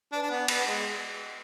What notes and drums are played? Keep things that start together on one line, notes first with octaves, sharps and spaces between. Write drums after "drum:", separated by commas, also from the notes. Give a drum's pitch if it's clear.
D4 B4 D5 G#5
D4
B3
B3, drum: cymbal
G#3